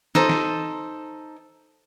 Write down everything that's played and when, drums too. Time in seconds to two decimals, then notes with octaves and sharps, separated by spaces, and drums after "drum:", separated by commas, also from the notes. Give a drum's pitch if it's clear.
0.15 D#4 A4 C5, drum: snare
0.29 drum: snare